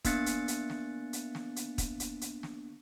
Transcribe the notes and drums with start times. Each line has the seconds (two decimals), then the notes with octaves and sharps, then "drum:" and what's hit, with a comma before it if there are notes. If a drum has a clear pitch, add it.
0.05 A#3 B3 D4 F#6 A6 C#7, drum: kick, hi-hat
0.26 drum: hi-hat
0.48 drum: hi-hat
0.70 drum: snare
1.13 drum: hi-hat
1.35 drum: snare
1.56 drum: hi-hat
1.78 drum: kick, hi-hat
2.00 drum: hi-hat
2.21 drum: hi-hat
2.43 drum: snare